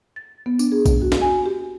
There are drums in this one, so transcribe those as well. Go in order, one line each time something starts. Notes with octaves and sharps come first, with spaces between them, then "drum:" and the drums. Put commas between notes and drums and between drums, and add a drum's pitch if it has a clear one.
A6
B3
D4, drum: tambourine
G#4
drum: kick A#1, tambourine
F#4
drum: snare
G#5
G4